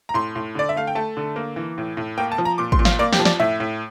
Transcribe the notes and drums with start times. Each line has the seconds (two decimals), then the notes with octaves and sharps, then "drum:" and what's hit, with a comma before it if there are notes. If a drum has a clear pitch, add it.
0.09 A#5
0.14 A2 C6
0.35 A2
0.55 D3 D5
0.69 E5
0.76 A3 F5
0.87 G5
0.95 A3 A5
1.17 D3
1.36 A#3
1.56 E3
1.78 A2
1.97 A2
2.18 A#3 G5
2.32 A5
2.38 F3
2.45 A#5
2.58 A#2 D6
2.72 C6, drum: kick
2.79 A#2
2.85 F5, drum: snare
2.99 A#3 D5
3.13 G4, drum: snare
3.19 F3
3.25 D5, drum: snare
3.40 A2 E5
3.60 A2